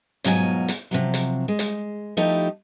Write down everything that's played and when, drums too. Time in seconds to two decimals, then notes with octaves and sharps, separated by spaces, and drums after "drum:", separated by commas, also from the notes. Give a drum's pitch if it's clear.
0.24 G#2 B2 F#3 F4 B4 G#5, drum: hi-hat
0.68 drum: hi-hat
0.91 C3 F3 F#3
1.14 drum: hi-hat
1.48 G#3
1.59 drum: hi-hat
2.17 F3 A3 D#4 E4 G4